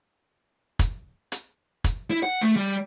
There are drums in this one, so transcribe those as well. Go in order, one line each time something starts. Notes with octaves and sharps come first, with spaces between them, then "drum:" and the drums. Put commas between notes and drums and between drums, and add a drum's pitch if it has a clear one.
drum: kick, hi-hat
drum: hi-hat
drum: kick, hi-hat
E4
F#5
A3
G3